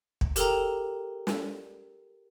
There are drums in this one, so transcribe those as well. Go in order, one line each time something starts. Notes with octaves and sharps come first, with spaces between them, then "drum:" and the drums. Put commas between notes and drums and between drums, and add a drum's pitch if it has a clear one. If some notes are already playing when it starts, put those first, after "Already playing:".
drum: kick
G4 A4 A#4 G5 A#5, drum: hi-hat
drum: snare